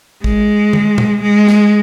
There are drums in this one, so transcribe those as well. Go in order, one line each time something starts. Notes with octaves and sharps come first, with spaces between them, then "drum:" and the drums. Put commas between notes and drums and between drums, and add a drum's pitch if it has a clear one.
G#3, drum: kick
drum: tom D3
drum: tom A#2
G#3
drum: snare